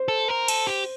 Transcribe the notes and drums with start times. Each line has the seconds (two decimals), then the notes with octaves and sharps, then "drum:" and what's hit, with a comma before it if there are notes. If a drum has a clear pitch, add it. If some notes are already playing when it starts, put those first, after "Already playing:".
Already playing: C5
0.08 A4
0.28 A#4
0.48 A4, drum: cymbal
0.67 G4